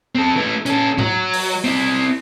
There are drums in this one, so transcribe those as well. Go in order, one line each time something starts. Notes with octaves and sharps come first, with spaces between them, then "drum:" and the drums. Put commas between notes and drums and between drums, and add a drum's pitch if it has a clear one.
C4 A4
E3 A3
C#4 A4, drum: hi-hat
F#3, drum: tom G#2
drum: open hi-hat
C4 E4